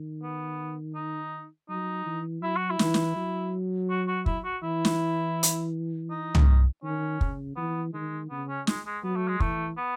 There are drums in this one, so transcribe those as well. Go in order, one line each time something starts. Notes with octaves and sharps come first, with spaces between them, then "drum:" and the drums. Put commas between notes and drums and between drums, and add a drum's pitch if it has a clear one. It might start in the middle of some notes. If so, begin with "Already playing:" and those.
Already playing: D#3
B3
D#4
F#3 D#4
E3
F#3 E4
F#4
E4
E3, drum: snare
drum: snare
F#3
F#4
F#4
E4, drum: kick
F#4
E3 E4
drum: snare
drum: hi-hat
D#4
drum: tom
D#3 C#4
C#3, drum: kick
E3 B3
D#3 G#3
C#3 B3
C#4
G#3, drum: snare
G#3
F#3 B3
A3
G#3
E3 A3, drum: kick
B3